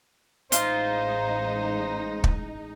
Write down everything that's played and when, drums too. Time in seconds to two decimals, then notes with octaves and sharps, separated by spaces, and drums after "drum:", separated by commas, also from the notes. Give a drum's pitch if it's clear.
0.52 A1 G#3 D#4 F4 C5, drum: hi-hat
2.24 drum: kick